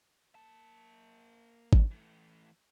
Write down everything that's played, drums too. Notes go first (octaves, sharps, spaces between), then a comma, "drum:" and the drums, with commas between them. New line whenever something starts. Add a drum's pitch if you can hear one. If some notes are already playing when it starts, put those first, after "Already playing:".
A#3 A5
drum: kick G#1
E3 A3